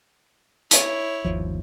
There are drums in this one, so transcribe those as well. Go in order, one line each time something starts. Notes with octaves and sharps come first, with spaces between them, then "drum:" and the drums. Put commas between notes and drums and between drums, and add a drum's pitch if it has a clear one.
E4 C#5, drum: hi-hat
G1 D#2 F3